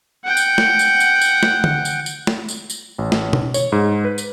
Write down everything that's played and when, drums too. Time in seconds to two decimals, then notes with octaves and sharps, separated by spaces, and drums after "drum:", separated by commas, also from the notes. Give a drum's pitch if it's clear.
0.25 F#5 G5
0.37 drum: tambourine
0.58 drum: snare
0.79 drum: tambourine
1.00 drum: tambourine
1.21 drum: tambourine
1.43 drum: snare
1.64 drum: tom D3
1.85 drum: tambourine
2.06 drum: tambourine
2.27 drum: snare
2.48 drum: tambourine
2.70 drum: tambourine
2.98 A1
3.12 drum: snare
3.33 drum: tom B2
3.54 C#5, drum: tambourine
3.72 G#2
4.05 B4
4.18 drum: tambourine